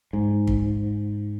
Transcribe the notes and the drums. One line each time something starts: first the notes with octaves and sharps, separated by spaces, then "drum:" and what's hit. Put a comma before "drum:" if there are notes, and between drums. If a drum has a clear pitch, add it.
G#2
drum: kick